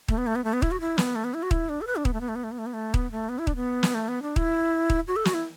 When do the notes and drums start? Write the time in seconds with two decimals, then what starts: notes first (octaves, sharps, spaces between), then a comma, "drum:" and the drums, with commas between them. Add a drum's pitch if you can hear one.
0.08 A3, drum: kick D#1
0.18 B3
0.27 A3
0.36 B3
0.44 A3
0.53 B3
0.62 E4, drum: kick D#1
0.71 F#4
0.80 E4
0.98 B3, drum: snare
1.15 A3
1.24 B3
1.34 E4
1.43 F#4
1.51 E4, drum: kick D#1
1.69 D4
1.81 A4
1.87 B4
1.96 D4
2.05 B3, drum: kick D#1
2.13 A3
2.21 B3
2.28 A3
2.36 B3
2.44 A3
2.52 B3
2.58 A3
2.66 B3
2.73 A3
2.94 B3, drum: kick D#1
3.12 A3
3.29 B3
3.39 E4
3.47 D4, drum: kick D#1
3.56 B3
3.83 drum: snare
3.94 A3
4.08 B3
4.22 D4
4.36 E4, drum: kick D#1
4.90 drum: kick D#1
5.08 F#4
5.16 A4
5.25 F#4, drum: snare
5.34 E4